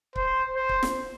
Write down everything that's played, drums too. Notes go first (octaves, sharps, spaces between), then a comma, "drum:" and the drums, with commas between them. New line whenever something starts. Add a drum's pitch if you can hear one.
C5, drum: kick C#1
C5
drum: kick C#1
drum: snare